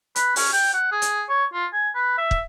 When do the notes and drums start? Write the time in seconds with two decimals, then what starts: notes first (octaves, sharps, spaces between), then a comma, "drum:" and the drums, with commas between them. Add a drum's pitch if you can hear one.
0.16 B4, drum: hi-hat
0.36 C#4, drum: open hi-hat
0.53 G5
0.74 F#5
0.92 G#4
1.02 drum: hi-hat
1.29 C#5
1.53 F4
1.73 G#5
1.95 B4
2.18 E5
2.31 drum: kick